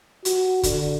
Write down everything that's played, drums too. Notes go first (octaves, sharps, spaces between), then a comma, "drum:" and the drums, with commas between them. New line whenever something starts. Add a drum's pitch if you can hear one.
F#4, drum: hi-hat
D3, drum: kick, hi-hat